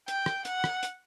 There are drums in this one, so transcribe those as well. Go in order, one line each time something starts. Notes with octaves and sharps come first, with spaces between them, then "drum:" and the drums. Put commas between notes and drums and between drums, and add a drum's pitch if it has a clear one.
G5, drum: hi-hat
drum: rim click
F#5, drum: hi-hat
drum: rim click
drum: hi-hat